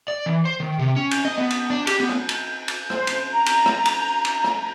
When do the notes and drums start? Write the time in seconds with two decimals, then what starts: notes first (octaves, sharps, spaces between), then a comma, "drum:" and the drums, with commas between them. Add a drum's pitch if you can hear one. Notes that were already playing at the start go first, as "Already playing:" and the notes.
0.08 D5
0.26 E3
0.45 C5
0.60 D#3
0.79 C3
0.96 C#4
1.11 drum: cymbal
1.25 D#5
1.38 B3
1.50 drum: cymbal
1.70 D4
1.87 G4, drum: cymbal
2.00 B3
2.09 drum: rim click
2.29 drum: cymbal
2.68 drum: cymbal
2.90 C5, drum: rim click
3.07 drum: cymbal
3.29 A#5
3.46 drum: cymbal
3.66 drum: rim click
3.86 drum: cymbal
4.25 drum: cymbal
4.44 drum: rim click